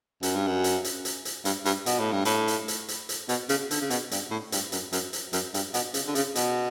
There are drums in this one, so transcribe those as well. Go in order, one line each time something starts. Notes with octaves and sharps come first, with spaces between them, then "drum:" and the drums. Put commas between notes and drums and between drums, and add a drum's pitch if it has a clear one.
F#2, drum: hi-hat
G2
F#2
drum: hi-hat
drum: hi-hat
drum: hi-hat
drum: hi-hat
G2, drum: hi-hat
G2, drum: hi-hat
B2, drum: hi-hat
A2
G2
A2, drum: hi-hat
drum: hi-hat
drum: hi-hat
drum: hi-hat
drum: hi-hat
B2, drum: hi-hat
C#3, drum: hi-hat
D3, drum: hi-hat
C#3
B2, drum: hi-hat
G2, drum: hi-hat
A2
G2, drum: hi-hat
F#2, drum: hi-hat
F#2, drum: hi-hat
drum: hi-hat
F#2, drum: hi-hat
G2, drum: hi-hat
B2, drum: hi-hat
C#3, drum: hi-hat
D3
C#3, drum: hi-hat
B2, drum: hi-hat